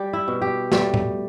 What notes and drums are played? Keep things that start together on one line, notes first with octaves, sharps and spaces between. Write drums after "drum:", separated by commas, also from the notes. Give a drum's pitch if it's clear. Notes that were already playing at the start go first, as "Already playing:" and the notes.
Already playing: G3 G4
E4
B2
G4
G3 A3, drum: snare
drum: tom